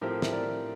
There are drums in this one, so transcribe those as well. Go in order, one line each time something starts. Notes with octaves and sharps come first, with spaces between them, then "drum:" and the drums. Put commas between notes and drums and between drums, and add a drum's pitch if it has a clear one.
A2 F3 C4 G4 A#4
E5, drum: snare
A#4 D5